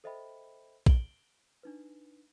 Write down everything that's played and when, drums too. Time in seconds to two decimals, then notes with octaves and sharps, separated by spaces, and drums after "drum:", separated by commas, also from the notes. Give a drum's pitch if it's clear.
0.04 A4 C5 D#5 E5 G5 B5
0.86 D7 F#7 G7, drum: kick A#1
1.63 D4 D#4 B4